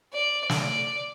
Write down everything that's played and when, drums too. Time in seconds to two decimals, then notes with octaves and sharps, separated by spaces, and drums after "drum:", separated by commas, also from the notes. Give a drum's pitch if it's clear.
0.13 D5
0.49 drum: snare
0.61 D5